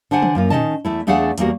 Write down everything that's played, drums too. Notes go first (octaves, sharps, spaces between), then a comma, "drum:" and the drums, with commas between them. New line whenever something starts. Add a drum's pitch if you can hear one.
D3 D4 C5 F#5 G#5
drum: tom
F#2 A#3 F4
D#3 F#3 C#4 D#5 A5, drum: tom
E2 A3 E4
E2 A3 D4 G#4 F5 F#5
E2 G3 A#3 F#4, drum: hi-hat